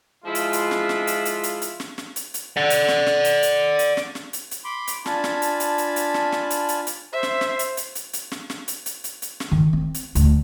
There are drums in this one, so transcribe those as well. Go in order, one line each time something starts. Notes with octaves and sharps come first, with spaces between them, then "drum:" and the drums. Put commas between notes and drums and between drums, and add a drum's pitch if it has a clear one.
F3 G#3 E4 F4
drum: hi-hat
drum: hi-hat
drum: snare
drum: snare
drum: hi-hat
drum: hi-hat
drum: hi-hat
drum: hi-hat
drum: snare
drum: snare
drum: hi-hat
drum: hi-hat
D5 F#5
drum: hi-hat
drum: snare
drum: snare
drum: hi-hat
drum: hi-hat
drum: hi-hat
drum: snare
drum: snare
drum: hi-hat
drum: hi-hat
B5 C6 D6
drum: hi-hat
D4 F4 G#5 A5 B5, drum: snare
drum: snare
drum: hi-hat
drum: hi-hat
drum: hi-hat
drum: hi-hat
drum: snare
drum: snare
drum: hi-hat
drum: hi-hat
drum: hi-hat
C5 E5
drum: snare
drum: snare
drum: hi-hat
drum: hi-hat
drum: hi-hat
drum: hi-hat
drum: snare
drum: snare
drum: hi-hat
drum: hi-hat
drum: hi-hat
drum: hi-hat
drum: snare
D#3
C4
drum: hi-hat
D2, drum: hi-hat